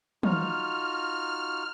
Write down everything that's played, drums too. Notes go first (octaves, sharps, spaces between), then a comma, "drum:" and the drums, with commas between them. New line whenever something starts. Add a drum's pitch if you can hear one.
D#4 F4 F#4 F6, drum: tom